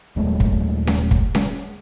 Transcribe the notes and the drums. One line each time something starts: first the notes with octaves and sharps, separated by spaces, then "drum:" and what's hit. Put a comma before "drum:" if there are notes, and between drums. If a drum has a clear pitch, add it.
D#1 F#3 G#3 A3
drum: kick
drum: snare C#4
drum: kick
drum: snare C#4